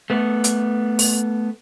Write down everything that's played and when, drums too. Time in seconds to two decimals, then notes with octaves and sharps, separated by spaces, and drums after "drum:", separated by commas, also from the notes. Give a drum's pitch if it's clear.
0.10 A3 B3
0.44 drum: hi-hat
0.99 drum: open hi-hat